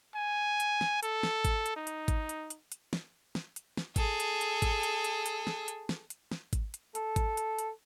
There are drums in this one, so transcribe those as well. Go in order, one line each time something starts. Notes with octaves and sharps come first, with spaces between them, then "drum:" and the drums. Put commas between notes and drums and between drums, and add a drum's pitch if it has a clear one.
G#5
drum: hi-hat
drum: snare
A4, drum: hi-hat
drum: snare
drum: kick G#1, hi-hat
drum: hi-hat
D#4
drum: hi-hat
drum: kick G#1, hi-hat
drum: hi-hat
drum: hi-hat
drum: hi-hat
drum: snare
drum: snare
drum: hi-hat
drum: snare
G#4 A4, drum: kick G#1, hi-hat
drum: hi-hat
drum: hi-hat
drum: kick G#1, hi-hat
drum: hi-hat
drum: hi-hat
drum: hi-hat
drum: snare
drum: hi-hat
drum: snare
drum: hi-hat
drum: snare
drum: kick G#1, hi-hat
drum: hi-hat
A4, drum: hi-hat
drum: kick G#1, hi-hat
drum: hi-hat
drum: hi-hat